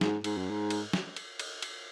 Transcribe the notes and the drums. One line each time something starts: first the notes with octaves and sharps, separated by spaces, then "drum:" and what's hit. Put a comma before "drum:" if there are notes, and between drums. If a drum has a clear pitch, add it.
G#2, drum: snare
G#2, drum: cymbal
F#2
G#2
drum: cymbal
drum: snare
drum: cymbal
drum: cymbal
drum: cymbal